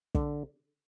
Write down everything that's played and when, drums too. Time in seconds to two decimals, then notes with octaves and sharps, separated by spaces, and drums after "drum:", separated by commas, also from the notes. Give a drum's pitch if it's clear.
0.15 D3, drum: kick